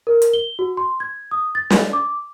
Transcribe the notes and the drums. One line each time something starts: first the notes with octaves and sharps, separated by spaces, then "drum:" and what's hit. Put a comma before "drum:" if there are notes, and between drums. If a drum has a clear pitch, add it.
A#4
drum: hi-hat
G7
F#4
C6
G#6
D#6
A6
drum: snare
D6